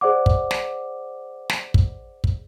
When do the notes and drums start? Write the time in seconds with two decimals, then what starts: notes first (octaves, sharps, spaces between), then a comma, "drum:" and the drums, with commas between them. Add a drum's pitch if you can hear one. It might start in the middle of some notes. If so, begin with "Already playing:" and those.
0.01 G#4 C5 D5 F#5 D6
0.26 drum: kick
0.51 drum: snare
1.50 drum: snare
1.74 drum: kick
2.24 drum: kick